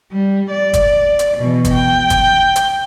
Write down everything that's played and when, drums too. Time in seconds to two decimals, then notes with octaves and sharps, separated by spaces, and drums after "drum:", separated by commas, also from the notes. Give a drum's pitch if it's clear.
0.12 G3
0.51 D5
0.73 drum: kick, hi-hat
1.19 drum: hi-hat
1.38 B2 E3
1.65 drum: kick, hi-hat
1.74 G5
2.10 drum: kick, hi-hat
2.56 drum: hi-hat